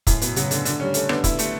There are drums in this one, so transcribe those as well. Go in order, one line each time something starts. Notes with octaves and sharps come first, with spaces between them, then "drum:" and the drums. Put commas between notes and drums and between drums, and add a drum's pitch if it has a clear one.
F#2 A2, drum: kick, hi-hat
B2 B3, drum: hi-hat
C#3 F#3, drum: hi-hat
D3 A3, drum: hi-hat
D3, drum: hi-hat
G3 C#4
A3 C#4, drum: hi-hat
D3 B3, drum: rim click
E4, drum: kick, hi-hat
A3, drum: hi-hat